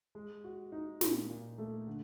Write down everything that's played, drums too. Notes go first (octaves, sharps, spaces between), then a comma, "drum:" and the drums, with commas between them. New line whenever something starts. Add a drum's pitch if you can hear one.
G#3
F#4
D#4
A#2, drum: snare
A#2
A3
D3